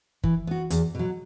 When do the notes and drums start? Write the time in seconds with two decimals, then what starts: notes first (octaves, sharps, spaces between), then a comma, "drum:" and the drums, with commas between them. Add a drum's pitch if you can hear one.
0.24 E3, drum: kick
0.47 B3 F#4
0.70 E2, drum: hi-hat
0.95 B2 F#3